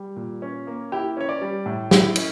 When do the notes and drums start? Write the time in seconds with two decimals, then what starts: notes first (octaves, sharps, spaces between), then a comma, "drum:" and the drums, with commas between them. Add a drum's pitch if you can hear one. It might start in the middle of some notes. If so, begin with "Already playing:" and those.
Already playing: G3
0.16 A#2
0.42 C#4
0.67 A#3
0.92 E4 G4
1.17 C#4 C#5
1.29 D5
1.41 G3
1.66 A2
1.91 E4, drum: snare
2.16 C#4, drum: cymbal